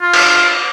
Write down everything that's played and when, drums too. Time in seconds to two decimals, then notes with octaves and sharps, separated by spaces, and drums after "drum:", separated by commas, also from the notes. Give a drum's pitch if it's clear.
0.02 F4
0.13 drum: cymbal